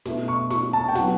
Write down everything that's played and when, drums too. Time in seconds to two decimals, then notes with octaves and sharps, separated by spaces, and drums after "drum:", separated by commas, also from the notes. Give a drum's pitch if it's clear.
0.05 B2 A3, drum: snare
0.28 C#6
0.50 C#6, drum: snare
0.73 A5
0.88 G5
0.95 F#3 B3 F#5, drum: snare